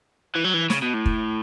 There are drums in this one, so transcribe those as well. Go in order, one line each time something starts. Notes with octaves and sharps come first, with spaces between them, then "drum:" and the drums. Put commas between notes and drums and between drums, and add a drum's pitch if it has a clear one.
E3
F#3
E3
C#3, drum: snare
B2
A2
drum: kick